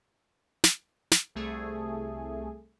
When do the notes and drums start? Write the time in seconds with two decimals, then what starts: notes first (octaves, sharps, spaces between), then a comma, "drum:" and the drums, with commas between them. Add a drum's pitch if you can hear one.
0.64 drum: snare
1.11 drum: snare
1.35 C2 A3 G#4